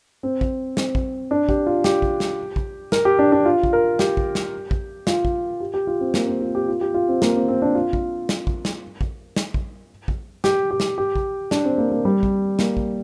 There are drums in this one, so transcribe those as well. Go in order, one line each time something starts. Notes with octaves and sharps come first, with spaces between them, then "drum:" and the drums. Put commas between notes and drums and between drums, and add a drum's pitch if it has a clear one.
C4
drum: kick A#1
C4, drum: snare
drum: kick A#1
D4
G4, drum: kick A#1
F4
G4, drum: snare
drum: kick A#1
drum: snare
drum: kick A#1
A#4, drum: snare
G4
D4
D4
F4
drum: kick A#1
A#4
G4, drum: snare
drum: kick A#1
drum: snare
drum: kick A#1
F4, drum: snare
drum: kick A#1
G4
G4
F4
C4
A#3, drum: snare
C4
F4
G4
F4
G4
F4
C4
A#3, drum: snare
C4
C4
D4
F4
drum: kick A#1
drum: snare
drum: kick A#1
drum: snare
drum: kick A#1
drum: snare
drum: kick A#1
drum: kick A#1
G4, drum: snare
G4
drum: snare
G4
drum: kick A#1
D4, drum: snare
C4
A#3
A#3
G3
drum: kick A#1
A#3, drum: snare
drum: kick A#1